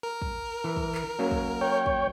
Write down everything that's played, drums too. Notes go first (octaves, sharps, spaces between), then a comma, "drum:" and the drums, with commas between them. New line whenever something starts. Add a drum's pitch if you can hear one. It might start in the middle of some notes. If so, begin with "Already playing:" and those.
A#4
drum: kick
E3
drum: kick
drum: clap
F#3 A#3 C#4
drum: kick
C#5 G5
drum: kick